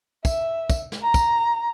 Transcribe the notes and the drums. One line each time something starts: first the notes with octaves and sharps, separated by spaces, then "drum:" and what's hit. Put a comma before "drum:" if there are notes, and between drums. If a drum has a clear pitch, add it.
E5, drum: kick, tambourine
drum: kick, tambourine
drum: snare
A#5
drum: kick, tambourine